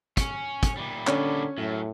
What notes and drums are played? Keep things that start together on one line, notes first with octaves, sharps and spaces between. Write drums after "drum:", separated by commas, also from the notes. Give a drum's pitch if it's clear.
C#4, drum: kick, hi-hat
drum: kick, hi-hat
A#2 G3
D3 C#4, drum: clap
F#2 A2